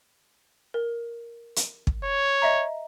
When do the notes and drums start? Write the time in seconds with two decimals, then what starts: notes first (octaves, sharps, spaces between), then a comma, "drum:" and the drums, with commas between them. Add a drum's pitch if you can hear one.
0.74 A#4
1.56 drum: hi-hat
1.87 drum: kick
2.04 C#5
2.42 D#5 E5 A#5